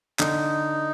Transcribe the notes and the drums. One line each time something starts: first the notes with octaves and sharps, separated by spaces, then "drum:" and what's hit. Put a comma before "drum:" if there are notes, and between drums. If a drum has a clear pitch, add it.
D3 D#4, drum: clap